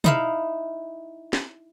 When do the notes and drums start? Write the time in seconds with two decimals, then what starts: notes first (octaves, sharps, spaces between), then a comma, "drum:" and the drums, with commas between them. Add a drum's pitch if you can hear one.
0.04 D#4 E4 F5, drum: tom
1.33 drum: snare